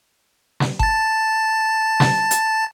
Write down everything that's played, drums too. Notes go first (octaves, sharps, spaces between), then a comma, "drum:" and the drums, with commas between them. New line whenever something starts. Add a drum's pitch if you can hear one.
drum: snare
A5 A6, drum: kick G1
drum: snare
drum: hi-hat